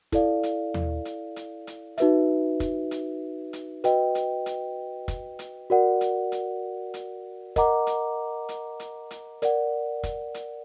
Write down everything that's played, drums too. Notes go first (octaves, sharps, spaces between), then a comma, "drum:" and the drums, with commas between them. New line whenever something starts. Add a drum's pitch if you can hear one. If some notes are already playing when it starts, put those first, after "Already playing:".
E4 A4 D5 F5, drum: kick, hi-hat
drum: hi-hat
drum: tom D#2
drum: hi-hat
drum: hi-hat
drum: hi-hat
D#4 F#4 B4 E5, drum: hi-hat
drum: kick, hi-hat
drum: hi-hat
drum: hi-hat
F#4 B4 D#5 G5, drum: hi-hat
drum: hi-hat
drum: hi-hat
drum: kick, hi-hat
drum: hi-hat
F#4 A#4 D5 F#5
drum: hi-hat
drum: hi-hat
drum: hi-hat
A#4 D#5 F#5 A#5 D6, drum: kick, hi-hat
drum: hi-hat
drum: hi-hat
drum: hi-hat
drum: hi-hat
A#4 D5 F#5, drum: hi-hat
drum: kick, hi-hat
drum: hi-hat